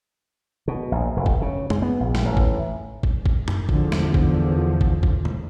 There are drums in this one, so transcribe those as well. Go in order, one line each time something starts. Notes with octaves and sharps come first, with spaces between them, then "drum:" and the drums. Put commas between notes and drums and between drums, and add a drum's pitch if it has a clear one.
B2
A#1
F1
drum: kick
C#3
G#3, drum: tom F#2
B3
A#1
drum: snare
A1
drum: kick
drum: kick
drum: kick
drum: tom F#2
E2 D3 F3, drum: kick
drum: snare
drum: kick
drum: kick
drum: kick
drum: tom B2